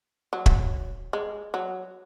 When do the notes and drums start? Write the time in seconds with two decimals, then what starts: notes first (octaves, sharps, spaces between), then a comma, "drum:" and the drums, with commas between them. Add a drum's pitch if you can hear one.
0.33 F#3
0.46 drum: kick
1.13 G#3
1.54 F#3